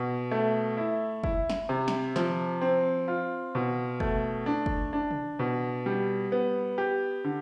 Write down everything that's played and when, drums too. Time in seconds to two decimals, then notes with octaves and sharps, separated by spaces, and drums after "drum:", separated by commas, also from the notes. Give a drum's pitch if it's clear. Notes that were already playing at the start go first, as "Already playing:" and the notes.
Already playing: B2
0.31 A3
0.77 E4
1.24 E4, drum: kick F#1
1.50 drum: snare
1.69 C3
1.88 drum: snare
2.16 F3, drum: snare
2.61 C4
3.08 F4
3.55 B2
4.00 A3, drum: kick F#1
4.46 D4
4.66 drum: kick F#1
4.93 D4
5.11 drum: tom
5.39 B2
5.86 G3
6.32 B3
6.78 G4
7.24 D3